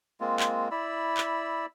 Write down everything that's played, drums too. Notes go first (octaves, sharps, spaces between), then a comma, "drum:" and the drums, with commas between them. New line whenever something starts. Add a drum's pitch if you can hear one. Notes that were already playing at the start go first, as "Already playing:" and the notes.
G#3 A#3 C4 F4
drum: clap
E4 D5 B5 E6
drum: clap